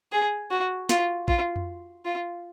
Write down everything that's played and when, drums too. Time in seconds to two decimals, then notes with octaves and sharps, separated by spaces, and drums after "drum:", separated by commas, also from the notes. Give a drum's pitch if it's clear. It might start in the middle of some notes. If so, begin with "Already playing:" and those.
0.12 G#4
0.51 F#4
0.89 F4, drum: snare
1.28 F4, drum: kick A#1
1.56 drum: tom F2
2.05 F4